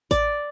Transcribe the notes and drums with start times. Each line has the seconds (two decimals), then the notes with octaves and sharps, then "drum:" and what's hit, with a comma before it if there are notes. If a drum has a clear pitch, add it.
0.11 D5, drum: kick A1, hi-hat